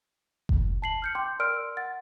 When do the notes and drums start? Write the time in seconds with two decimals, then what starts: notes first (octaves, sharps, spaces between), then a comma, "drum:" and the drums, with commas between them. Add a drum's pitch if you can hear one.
0.49 drum: kick F#1
0.82 A5 C7 F#7
1.02 F6 G6 C#7
1.15 G5 C6 D6 G6
1.39 A#4 D5 C6 E6 F6 D7
1.77 F#5 A6